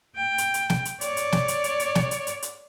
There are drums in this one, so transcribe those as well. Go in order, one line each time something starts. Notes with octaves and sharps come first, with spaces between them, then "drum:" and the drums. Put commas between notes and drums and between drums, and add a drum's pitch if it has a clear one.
G5
drum: hi-hat
drum: hi-hat
drum: snare
drum: hi-hat
C#5 D5, drum: hi-hat
drum: hi-hat
drum: snare
drum: hi-hat
drum: hi-hat
drum: hi-hat
drum: snare
drum: hi-hat
drum: hi-hat
drum: hi-hat